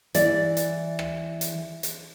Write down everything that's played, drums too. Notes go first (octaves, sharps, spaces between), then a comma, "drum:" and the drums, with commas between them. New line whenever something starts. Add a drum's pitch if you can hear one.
E3 D5, drum: hi-hat
drum: hi-hat
drum: rim click
drum: hi-hat
drum: hi-hat